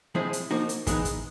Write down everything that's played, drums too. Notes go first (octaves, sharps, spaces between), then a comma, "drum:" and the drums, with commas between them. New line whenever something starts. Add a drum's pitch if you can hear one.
F3 G#3 C4 E4 G#4
drum: hi-hat
F3 A#3 D#4 F#4
drum: hi-hat
E3 G#3 B3 D#4, drum: kick, hi-hat
drum: kick, hi-hat